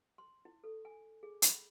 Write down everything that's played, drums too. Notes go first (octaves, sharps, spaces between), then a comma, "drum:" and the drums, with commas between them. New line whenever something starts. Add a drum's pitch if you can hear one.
C6
E4
A4
G#5
G#4
B5, drum: hi-hat